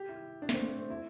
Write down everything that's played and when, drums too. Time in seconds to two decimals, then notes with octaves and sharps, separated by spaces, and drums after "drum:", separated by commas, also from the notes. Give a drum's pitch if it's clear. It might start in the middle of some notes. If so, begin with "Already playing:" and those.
Already playing: G4
0.09 E4
0.42 D4
0.49 A3, drum: snare
0.54 C4
0.66 A3
0.79 C4
0.90 E4